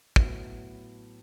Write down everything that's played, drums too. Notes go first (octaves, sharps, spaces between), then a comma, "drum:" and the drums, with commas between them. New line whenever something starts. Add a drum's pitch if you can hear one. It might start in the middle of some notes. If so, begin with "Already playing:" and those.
A2 F#3 B3 E4, drum: kick